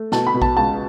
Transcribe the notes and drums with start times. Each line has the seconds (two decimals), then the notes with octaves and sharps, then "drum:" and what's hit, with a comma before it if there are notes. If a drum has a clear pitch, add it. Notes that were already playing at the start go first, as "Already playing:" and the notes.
Already playing: A3
0.12 B2 A5, drum: snare
0.27 B5
0.34 B2
0.42 A5, drum: kick A#1
0.57 C#2 A5